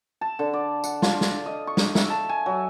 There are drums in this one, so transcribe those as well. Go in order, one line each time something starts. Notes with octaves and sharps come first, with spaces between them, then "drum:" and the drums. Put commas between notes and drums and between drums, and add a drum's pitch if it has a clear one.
A5
D3
D5
F#5, drum: tambourine
F4, drum: snare
drum: snare
D#5
C#6
drum: snare
E5, drum: snare
A5
G#5
F#3